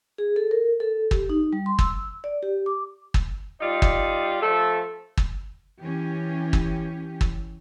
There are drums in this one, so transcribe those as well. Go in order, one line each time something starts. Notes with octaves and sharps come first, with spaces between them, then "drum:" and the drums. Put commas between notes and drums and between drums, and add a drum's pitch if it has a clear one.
G#4
A4
A#4
A4
G4, drum: kick
D#4
G3
C6
E6, drum: kick
D5
G4
D6
drum: kick
G3 D#4 F4 G4 D5
drum: kick
F3 A3 A4
drum: kick
E3 C#4 G4
drum: kick
drum: kick